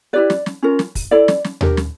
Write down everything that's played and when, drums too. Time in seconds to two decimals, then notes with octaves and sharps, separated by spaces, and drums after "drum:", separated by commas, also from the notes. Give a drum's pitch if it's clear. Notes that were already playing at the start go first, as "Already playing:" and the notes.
0.13 E4 G4 B4 D5
0.30 drum: snare
0.46 drum: snare
0.63 C#4 F4 A#4
0.79 drum: snare
0.95 drum: kick, open hi-hat
1.11 E4 A4 D5
1.28 drum: snare
1.45 drum: snare
1.61 D4 G4 A#4, drum: tom D#2
1.77 drum: snare